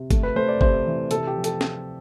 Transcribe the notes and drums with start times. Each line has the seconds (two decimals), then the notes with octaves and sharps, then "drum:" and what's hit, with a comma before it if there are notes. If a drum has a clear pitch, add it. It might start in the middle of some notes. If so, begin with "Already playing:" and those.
Already playing: C3
0.11 A3, drum: kick, hi-hat
0.23 B4
0.36 A3 C5
0.48 D5
0.61 C3 C5, drum: kick
0.86 E3
1.11 C3 A4, drum: hi-hat
1.27 G4
1.35 F3
1.44 A4, drum: hi-hat
1.61 drum: snare